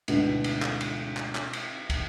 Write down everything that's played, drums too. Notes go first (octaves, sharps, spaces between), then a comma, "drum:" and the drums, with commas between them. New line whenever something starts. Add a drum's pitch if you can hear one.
D2 G#2 B2 D3 E3, drum: cymbal
drum: cymbal
drum: clap
drum: cymbal
drum: clap
drum: clap
drum: cymbal
drum: kick, cymbal